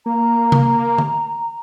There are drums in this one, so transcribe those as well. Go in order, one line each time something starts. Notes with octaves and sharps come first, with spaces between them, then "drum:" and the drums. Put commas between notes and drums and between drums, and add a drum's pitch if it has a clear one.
A#3 A#5
drum: tom C3
drum: tom D3